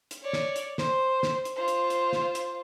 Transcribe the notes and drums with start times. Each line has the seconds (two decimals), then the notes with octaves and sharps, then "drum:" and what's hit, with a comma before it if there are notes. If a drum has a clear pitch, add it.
0.11 drum: hi-hat
0.22 C#5 D5
0.33 drum: snare
0.56 drum: hi-hat
0.78 C5, drum: snare
1.23 drum: snare
1.45 drum: hi-hat
1.56 F4 C5
1.68 drum: hi-hat
1.90 drum: hi-hat
2.13 drum: snare
2.35 drum: hi-hat